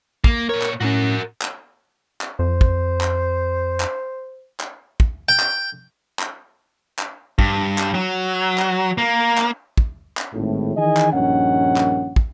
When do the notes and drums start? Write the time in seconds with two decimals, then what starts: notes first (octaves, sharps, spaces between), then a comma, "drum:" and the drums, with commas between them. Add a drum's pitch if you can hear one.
0.24 A#3, drum: kick
0.49 A#2 A#4 C#5
0.62 drum: clap
0.81 A2 C#4 F#4 A#4
1.41 drum: clap
2.21 drum: clap
2.39 F2 C5
2.61 drum: kick
3.01 drum: clap
3.80 drum: clap
4.60 drum: clap
5.00 drum: kick
5.29 G5
5.40 drum: clap
6.19 drum: clap
6.99 drum: clap
7.39 G2, drum: kick
7.78 drum: clap
7.94 F#3
8.58 drum: clap
8.98 A#3
9.38 drum: clap
9.78 drum: kick
10.17 drum: clap
10.32 G#1 A2
10.76 D#3 E3 G#4 D#5 G#5
10.97 drum: clap
11.12 A#1 G2 D#3 C#4 F#5
11.77 drum: clap
12.16 drum: kick